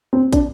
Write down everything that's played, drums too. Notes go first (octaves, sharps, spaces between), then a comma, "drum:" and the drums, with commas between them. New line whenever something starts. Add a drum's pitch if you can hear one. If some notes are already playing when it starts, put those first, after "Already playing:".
C4
D4, drum: kick, hi-hat